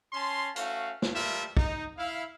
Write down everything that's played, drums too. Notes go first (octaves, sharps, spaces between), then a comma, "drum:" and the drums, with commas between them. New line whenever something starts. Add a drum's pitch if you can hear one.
C#4 A5 C6
A3 C#4 F#4 F5, drum: hi-hat
drum: snare
G3 A3 F4 A#4 E5
D#4, drum: kick
E4 F5